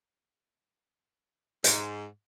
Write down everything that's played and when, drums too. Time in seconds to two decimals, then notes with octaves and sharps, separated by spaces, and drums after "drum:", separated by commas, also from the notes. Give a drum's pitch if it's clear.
1.64 G#2, drum: hi-hat